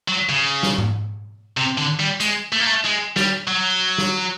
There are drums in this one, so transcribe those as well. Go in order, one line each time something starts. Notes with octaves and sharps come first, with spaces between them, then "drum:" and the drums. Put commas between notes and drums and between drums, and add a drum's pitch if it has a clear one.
F#3
C#3
drum: snare
drum: tom G#2
C3
D3
G3
G#3, drum: hi-hat
A3
A#3
A3
G#3
G3, drum: snare
F#3
drum: snare